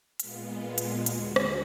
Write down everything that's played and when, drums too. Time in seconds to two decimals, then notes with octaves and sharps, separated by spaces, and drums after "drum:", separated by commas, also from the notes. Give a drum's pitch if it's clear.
0.20 A#2 G#3 B3 F4, drum: hi-hat
0.78 drum: hi-hat
1.06 D#2 D3 G#3 F#4, drum: hi-hat
1.36 drum: rim click